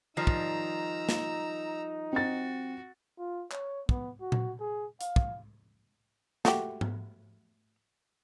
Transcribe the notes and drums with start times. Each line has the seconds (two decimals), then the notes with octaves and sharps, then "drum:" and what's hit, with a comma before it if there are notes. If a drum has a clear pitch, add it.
0.17 D#3 F3 G3 D#4 A#5 E6
0.27 drum: kick
1.09 drum: snare
2.13 C4 F#4 A6
3.19 F4
3.52 C#5, drum: clap
3.89 B3, drum: kick
4.21 F#4
4.32 drum: tom A#2
4.59 G#4
5.01 F5, drum: hi-hat
5.16 drum: kick
6.45 A3 F#4 G4, drum: snare
6.81 drum: tom G#2